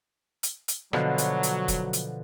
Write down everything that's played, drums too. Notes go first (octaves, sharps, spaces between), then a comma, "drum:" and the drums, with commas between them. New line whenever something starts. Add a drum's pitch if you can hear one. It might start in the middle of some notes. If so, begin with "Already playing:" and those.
drum: hi-hat
drum: hi-hat
B2 D3 F3 F#3, drum: rim click
drum: hi-hat
drum: hi-hat
drum: kick F1, hi-hat
drum: hi-hat